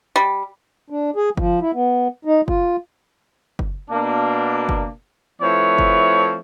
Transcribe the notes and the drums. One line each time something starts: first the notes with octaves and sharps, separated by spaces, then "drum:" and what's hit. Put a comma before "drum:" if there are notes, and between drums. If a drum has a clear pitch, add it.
G3
D4
G#4
F3, drum: kick F#1
E4
B3
D#4
F4, drum: kick F#1
drum: kick F#1
B2 A#3 D4
drum: kick F#1
F3 A3 C4 E4 B4 C#5
drum: kick F#1